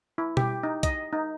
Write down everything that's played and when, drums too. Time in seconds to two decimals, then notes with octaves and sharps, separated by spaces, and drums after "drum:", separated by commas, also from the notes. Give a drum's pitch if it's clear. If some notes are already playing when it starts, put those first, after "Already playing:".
0.18 E4
0.37 G4, drum: tom B2
0.63 D#4
0.83 D#5, drum: kick, hi-hat
1.13 D#4